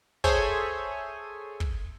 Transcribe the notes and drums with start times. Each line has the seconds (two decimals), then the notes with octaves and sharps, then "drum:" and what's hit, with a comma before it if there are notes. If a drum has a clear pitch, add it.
0.24 G#4 A4 C5 C#5 E5 G#5, drum: kick
1.60 drum: kick